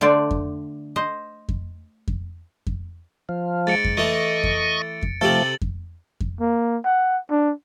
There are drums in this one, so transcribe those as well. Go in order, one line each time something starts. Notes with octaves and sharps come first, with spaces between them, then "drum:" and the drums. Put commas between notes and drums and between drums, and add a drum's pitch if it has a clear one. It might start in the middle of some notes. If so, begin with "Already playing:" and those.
D3 A3 C5 D5
drum: kick F2
C5 D#5
drum: kick F2
drum: kick F2
drum: kick F2
F3
G#2 A6 C#7 D7
drum: kick F2
E3 A3 D#5 C#6
drum: kick F2
drum: kick F2
C3 F3 A3 G4 A4 A6 F#7
drum: kick F2
drum: kick F2
A#3
F#5
D4